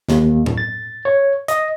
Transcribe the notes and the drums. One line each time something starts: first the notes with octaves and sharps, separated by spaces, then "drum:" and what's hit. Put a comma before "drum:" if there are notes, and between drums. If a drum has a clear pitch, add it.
D#2, drum: snare
drum: tom A2
A6
C#5
D#5, drum: hi-hat